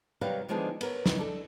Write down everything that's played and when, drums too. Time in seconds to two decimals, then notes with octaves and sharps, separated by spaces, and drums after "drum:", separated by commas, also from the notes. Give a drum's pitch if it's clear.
0.21 C3 D#3 F#3 G3 B4 F5
0.49 D3 D#3 F3 G#3 B3 D4
0.81 B3 A#4 C#5, drum: cymbal
1.06 D#3 E3, drum: snare
1.18 D4 A4